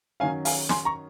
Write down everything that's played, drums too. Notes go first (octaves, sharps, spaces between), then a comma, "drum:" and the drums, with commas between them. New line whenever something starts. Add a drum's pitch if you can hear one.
D#3 F#3 C#4 F5 G#5
F5 G#5, drum: open hi-hat
G#5 C6, drum: snare
A#5 C#6